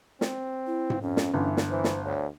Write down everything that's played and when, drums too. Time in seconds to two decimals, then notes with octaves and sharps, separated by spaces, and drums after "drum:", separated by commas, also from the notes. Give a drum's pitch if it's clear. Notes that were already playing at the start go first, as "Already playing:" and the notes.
0.21 C4, drum: snare
0.67 E4
0.90 drum: tom G#2
1.02 F2 C#4
1.17 drum: snare
1.34 G1 E3
1.57 drum: snare
1.70 E3 C5
1.84 drum: snare
2.05 D2 C#5